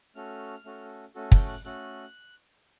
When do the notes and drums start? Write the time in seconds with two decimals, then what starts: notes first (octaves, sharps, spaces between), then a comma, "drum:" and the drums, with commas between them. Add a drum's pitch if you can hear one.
0.15 A3 C#4 F#4 A4 F6
0.65 A3 C#4 F#4 A4
1.15 A3 C#4 F#4 A4
1.32 G6, drum: kick
1.48 F#6
1.65 A3 C#4 F#4 A4 F#6